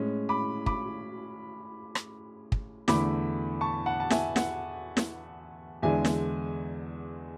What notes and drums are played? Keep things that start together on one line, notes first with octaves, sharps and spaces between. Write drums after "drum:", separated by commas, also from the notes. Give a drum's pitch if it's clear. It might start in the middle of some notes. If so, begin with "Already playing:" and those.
Already playing: A2 G#3 C#4
B5 D6
B5 D6, drum: kick
drum: rim click
drum: kick
E2 D3 A3 E4 B5 D6, drum: snare
A5 C#6
F#5 A5
A5
E5 G#5, drum: snare
F#5, drum: snare
drum: snare
E2 D3 G#3 D4 E5 G#5
drum: snare